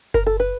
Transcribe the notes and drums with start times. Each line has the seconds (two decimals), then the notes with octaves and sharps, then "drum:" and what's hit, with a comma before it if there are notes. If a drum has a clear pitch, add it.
0.14 A#4, drum: kick F#1, open hi-hat
0.26 A4
0.40 B4